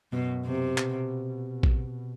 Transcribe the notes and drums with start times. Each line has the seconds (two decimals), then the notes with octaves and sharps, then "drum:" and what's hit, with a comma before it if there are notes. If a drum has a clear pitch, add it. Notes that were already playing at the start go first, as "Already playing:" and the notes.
0.13 F#2 B2
0.45 C3
0.78 B2, drum: clap
1.63 drum: kick